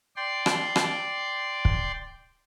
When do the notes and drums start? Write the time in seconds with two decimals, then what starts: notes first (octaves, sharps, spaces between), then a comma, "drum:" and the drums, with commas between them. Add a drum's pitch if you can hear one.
0.16 D5 G5 C6
0.46 drum: rim click
0.76 drum: rim click
1.65 drum: kick